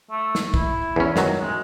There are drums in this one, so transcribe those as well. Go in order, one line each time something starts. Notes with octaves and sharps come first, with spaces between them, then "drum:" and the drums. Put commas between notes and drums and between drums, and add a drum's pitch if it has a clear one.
A3
drum: snare
E4, drum: kick
E2 C#4
F#2 D#3 F#3, drum: snare
G#3